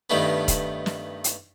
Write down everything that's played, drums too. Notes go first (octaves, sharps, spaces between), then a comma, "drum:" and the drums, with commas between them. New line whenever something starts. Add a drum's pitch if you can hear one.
G2 D#3 G3 A3 B3
drum: kick, hi-hat
drum: snare
drum: hi-hat